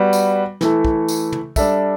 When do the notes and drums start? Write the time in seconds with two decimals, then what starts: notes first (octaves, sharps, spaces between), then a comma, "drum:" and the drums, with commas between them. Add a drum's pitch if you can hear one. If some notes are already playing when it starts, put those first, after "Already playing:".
Already playing: G3 B3 F#4 B4
0.13 drum: tambourine
0.61 E3 A3 E4 A4, drum: snare
0.85 drum: kick
1.08 drum: tambourine
1.32 drum: tom
1.56 G3 D4 A4 E5, drum: kick, tambourine